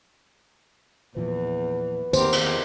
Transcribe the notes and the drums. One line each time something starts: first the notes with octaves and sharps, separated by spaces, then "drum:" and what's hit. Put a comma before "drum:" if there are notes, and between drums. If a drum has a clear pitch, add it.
E2 A#2 E3 F3 B4
E2 D3 D#3 A#3 G4 A#4 C5, drum: tambourine
drum: cymbal